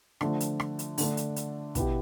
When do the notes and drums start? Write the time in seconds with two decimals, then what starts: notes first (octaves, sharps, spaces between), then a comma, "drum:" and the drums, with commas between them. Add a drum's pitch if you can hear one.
0.21 D3 F3 A3, drum: rim click
0.40 drum: hi-hat
0.60 drum: rim click
0.79 drum: hi-hat
0.98 D3 A3 D4, drum: open hi-hat
1.17 drum: hi-hat
1.36 drum: hi-hat
1.75 B2 B3 E4 G4, drum: kick, hi-hat